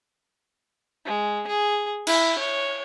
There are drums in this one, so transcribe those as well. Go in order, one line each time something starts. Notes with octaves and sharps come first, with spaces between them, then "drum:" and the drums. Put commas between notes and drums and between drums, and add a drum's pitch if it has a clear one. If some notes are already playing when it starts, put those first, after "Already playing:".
G#3
G#4
E4, drum: cymbal
C#5